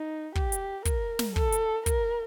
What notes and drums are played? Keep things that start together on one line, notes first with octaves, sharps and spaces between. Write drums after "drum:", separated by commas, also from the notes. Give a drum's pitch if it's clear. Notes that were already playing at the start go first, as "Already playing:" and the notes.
Already playing: D#4
G4, drum: kick
drum: hi-hat
A#4, drum: kick, hi-hat
drum: snare
A4, drum: kick
drum: hi-hat
A#4, drum: kick, hi-hat